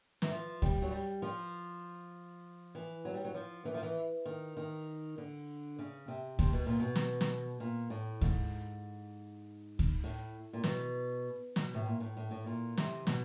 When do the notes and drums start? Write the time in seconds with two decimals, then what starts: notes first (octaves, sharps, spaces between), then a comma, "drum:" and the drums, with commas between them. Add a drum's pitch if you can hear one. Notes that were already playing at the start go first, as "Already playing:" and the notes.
0.22 E3, drum: snare
0.30 F3
0.62 G3, drum: kick D2
0.82 F#3
0.91 G3
1.22 F3
2.75 E3
3.05 F#3
3.14 G3
3.25 F#3
3.34 F3
3.65 E3
3.74 F3
3.83 E3
4.26 D#3
4.57 D#3
5.18 D3
5.79 C#3
6.08 C3
6.39 C3, drum: kick D2
6.53 B2
6.66 A#2
6.80 B2
6.96 drum: snare
7.21 drum: snare
7.60 A#2
7.90 A2
8.21 G#2, drum: kick D2
9.79 drum: kick D2
10.04 A2
10.53 A#2
10.64 B2, drum: snare
11.56 B2, drum: snare
11.74 A2
11.86 A#2
12.00 A2
12.17 A2
12.31 A2
12.46 A#2
12.77 C3, drum: snare
13.07 B2, drum: snare